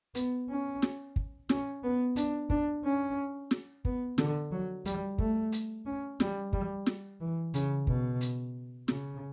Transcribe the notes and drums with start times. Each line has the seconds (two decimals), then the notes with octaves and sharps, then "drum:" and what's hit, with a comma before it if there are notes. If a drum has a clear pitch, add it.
0.15 B3, drum: hi-hat
0.49 C#4
0.82 drum: snare
1.16 drum: kick
1.49 C#4, drum: snare
1.83 B3
2.16 D4, drum: hi-hat
2.50 D4, drum: kick
2.84 C#4
3.51 drum: snare
3.85 B3, drum: kick
4.18 D3, drum: snare
4.52 F#3
4.85 G3, drum: hi-hat
5.18 A3, drum: kick
5.52 drum: hi-hat
5.86 C#4
6.20 G3, drum: snare
6.53 G3, drum: kick
6.87 drum: snare
7.20 E3
7.54 C#3, drum: hi-hat
7.87 B2, drum: kick
8.21 drum: hi-hat
8.88 C#3, drum: snare